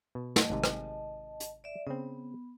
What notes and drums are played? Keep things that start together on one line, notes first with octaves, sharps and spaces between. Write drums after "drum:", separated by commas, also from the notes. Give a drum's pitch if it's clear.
B2
D#5 A5, drum: snare
G#1 G#2 C3
drum: rim click
drum: hi-hat
D5 E5
C#3 B3 C4